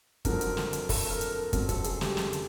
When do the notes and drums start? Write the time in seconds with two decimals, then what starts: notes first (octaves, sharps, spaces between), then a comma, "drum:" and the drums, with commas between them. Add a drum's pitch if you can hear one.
0.25 F2 D3 F#3 A#4, drum: kick, hi-hat
0.41 drum: hi-hat
0.57 drum: snare
0.73 drum: hi-hat
0.89 A4, drum: kick, open hi-hat
1.10 A#4
1.21 drum: hi-hat
1.32 A#4
1.53 F2 C#3 F#3, drum: kick, hi-hat
1.69 A4, drum: kick, hi-hat
1.84 G#4, drum: hi-hat
2.01 G4, drum: snare
2.17 drum: snare
2.33 drum: hi-hat